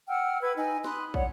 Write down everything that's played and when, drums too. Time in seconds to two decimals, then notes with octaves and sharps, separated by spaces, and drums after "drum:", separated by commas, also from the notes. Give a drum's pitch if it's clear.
0.08 F#5 G5 E6 F6
0.41 B4 E6 G#6
0.57 D#4 G#5
0.84 B5 C6 D#6 F#6, drum: snare
1.14 C#5 D5 F#5, drum: kick